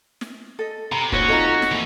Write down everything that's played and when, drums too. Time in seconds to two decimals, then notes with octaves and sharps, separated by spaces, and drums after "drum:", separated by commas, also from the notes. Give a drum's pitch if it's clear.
0.21 drum: snare
0.59 A4 D#5
0.92 C3 A#5 B5
1.12 A1 A#2 C#4 D#4 F#4 C5 C#5, drum: kick
1.28 F2 D#4 F4 A4 D#5 A#5
1.62 drum: snare
1.72 A#2 E3 F3